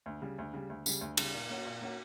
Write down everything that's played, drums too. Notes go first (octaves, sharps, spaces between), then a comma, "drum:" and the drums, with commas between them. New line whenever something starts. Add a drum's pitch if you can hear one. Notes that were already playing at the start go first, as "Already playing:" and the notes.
D2
C#3 G3
D2
C#3 G3
D2
C#3 G3, drum: tambourine
D2
C#3 G3, drum: cymbal
A#2
A#3 C#4 F#4
A#2
A#3 C#4 F#4